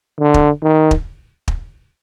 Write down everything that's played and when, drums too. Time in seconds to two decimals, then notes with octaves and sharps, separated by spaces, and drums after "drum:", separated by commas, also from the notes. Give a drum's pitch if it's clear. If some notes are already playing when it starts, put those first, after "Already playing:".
0.20 D3
0.34 drum: kick
0.63 D#3
0.91 drum: kick
1.48 drum: kick